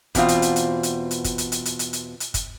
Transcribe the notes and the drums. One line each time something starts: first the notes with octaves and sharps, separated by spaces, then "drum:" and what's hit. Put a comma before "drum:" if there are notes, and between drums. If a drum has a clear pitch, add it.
E2 B2 C4 F4, drum: kick, hi-hat
drum: hi-hat
drum: hi-hat
drum: hi-hat
drum: hi-hat
drum: hi-hat
drum: kick, hi-hat
drum: hi-hat
drum: hi-hat
drum: hi-hat
drum: hi-hat
drum: hi-hat
drum: hi-hat
drum: kick, hi-hat